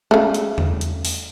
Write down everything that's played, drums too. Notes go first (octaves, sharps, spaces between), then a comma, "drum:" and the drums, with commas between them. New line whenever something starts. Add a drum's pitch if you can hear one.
C#3 A3, drum: tom G#3
drum: hi-hat
drum: tom E2
drum: hi-hat
drum: open hi-hat